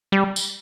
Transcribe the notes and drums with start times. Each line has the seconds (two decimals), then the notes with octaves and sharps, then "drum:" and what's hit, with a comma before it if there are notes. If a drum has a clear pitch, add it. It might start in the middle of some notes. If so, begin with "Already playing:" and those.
0.12 G3
0.36 drum: tambourine